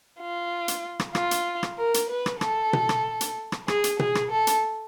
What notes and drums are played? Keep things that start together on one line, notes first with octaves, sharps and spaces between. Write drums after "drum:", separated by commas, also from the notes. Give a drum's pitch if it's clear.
F4
drum: hi-hat
drum: rim click
F4, drum: rim click
drum: hi-hat
drum: rim click
A#4
drum: hi-hat
B4
drum: rim click
A4, drum: rim click
drum: tom B2
drum: rim click
drum: hi-hat
drum: rim click
G#4, drum: rim click
drum: hi-hat
G#4, drum: tom B2
drum: rim click
A4
drum: hi-hat